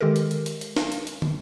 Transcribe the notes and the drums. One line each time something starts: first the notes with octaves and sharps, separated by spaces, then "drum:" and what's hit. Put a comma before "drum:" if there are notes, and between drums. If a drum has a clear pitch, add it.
D#3 G#3 G4 A4 A#4
drum: hi-hat
drum: hi-hat
drum: hi-hat
drum: hi-hat
drum: snare
drum: hi-hat
drum: hi-hat
drum: tom